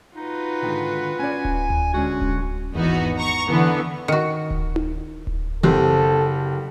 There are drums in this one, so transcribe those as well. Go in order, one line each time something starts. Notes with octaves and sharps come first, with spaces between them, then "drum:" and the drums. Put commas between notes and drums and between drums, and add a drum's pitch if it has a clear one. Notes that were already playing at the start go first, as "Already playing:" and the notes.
D#4 F4 F#4 B4
G#2 D3 D#3
C#4 D5 G#5
drum: kick D1
drum: tom D2
D3 G#3 C#4 F#4
drum: kick D1
G#1 E2 B3 D#4 F#4
A#5 C#6
D3 E3 B3
D#3 F#4 C#7
drum: kick D1
drum: tom D#4
drum: kick D1
F#1 C4 G4 A4